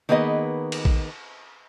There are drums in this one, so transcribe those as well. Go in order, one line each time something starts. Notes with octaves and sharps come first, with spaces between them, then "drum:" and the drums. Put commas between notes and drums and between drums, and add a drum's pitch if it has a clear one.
D#3 A#3 B3 G#4 B4 D#5
drum: cymbal
drum: kick